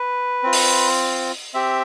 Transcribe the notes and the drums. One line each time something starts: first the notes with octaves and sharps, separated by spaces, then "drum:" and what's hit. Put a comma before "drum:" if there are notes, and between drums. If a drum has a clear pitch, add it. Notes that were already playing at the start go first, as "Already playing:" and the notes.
Already playing: B4
C4 F4
drum: open hi-hat
C4 G4 E5